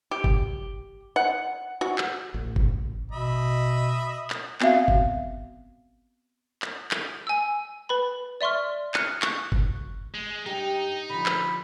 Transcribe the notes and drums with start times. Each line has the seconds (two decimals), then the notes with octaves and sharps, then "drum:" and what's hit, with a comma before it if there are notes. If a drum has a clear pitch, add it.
0.11 G4
0.24 drum: kick
1.16 F#5
1.81 F#4
1.98 drum: clap
2.34 A1
2.56 drum: kick
3.11 B2 D#5 E5 B5
4.30 drum: clap
4.61 B3 C4 F#4 E5 F5, drum: clap
4.88 drum: kick
6.62 drum: clap
6.91 drum: clap
7.27 G#5 E6
7.89 B4 B5
8.41 D5 E5 C6 C#6 F6
8.94 F6 F#6 C#7 D#7, drum: clap
9.22 C#6 F#6, drum: clap
9.52 drum: kick
10.14 G#3
10.46 G2 D#4 G4 G5
11.10 D3 F3 B5
11.26 drum: clap